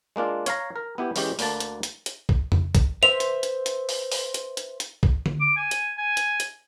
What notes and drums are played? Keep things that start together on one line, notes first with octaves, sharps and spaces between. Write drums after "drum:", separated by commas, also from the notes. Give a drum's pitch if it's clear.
G#3 A#3 D4 F4
C#5 F5 A#5, drum: hi-hat
A#4
B3 E4 G4
E3 G#3 C#4 G4, drum: open hi-hat
D2 D3 A#3 A5, drum: open hi-hat
drum: hi-hat
drum: hi-hat
drum: hi-hat
drum: kick
drum: tom F2
drum: kick, hi-hat
B4 C5 E5 F7
drum: hi-hat
drum: hi-hat
drum: hi-hat
drum: open hi-hat
drum: open hi-hat
drum: hi-hat
drum: hi-hat
drum: hi-hat
drum: kick
drum: tom D3
D6
G#5
drum: hi-hat
G#5
drum: hi-hat
drum: hi-hat